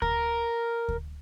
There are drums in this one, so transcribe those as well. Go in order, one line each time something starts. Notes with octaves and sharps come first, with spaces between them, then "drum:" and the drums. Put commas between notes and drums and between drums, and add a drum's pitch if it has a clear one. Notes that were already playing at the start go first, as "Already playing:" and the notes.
A#4, drum: kick D2
drum: kick D2